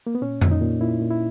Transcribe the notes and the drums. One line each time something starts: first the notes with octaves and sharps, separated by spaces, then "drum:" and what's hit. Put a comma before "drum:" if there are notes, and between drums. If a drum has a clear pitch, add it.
A#3
B3
A#2 C#4
A#2, drum: tom F2
D#4
A#2
A#2 E4
A#2
E4